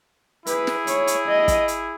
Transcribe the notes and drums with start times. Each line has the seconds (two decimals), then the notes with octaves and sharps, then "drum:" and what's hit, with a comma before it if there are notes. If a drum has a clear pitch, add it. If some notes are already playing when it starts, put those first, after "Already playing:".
0.47 E4 G#4 B4, drum: hi-hat
0.67 drum: snare
0.87 C#5, drum: hi-hat
1.07 drum: hi-hat
1.27 D#5
1.48 drum: kick, hi-hat
1.68 drum: hi-hat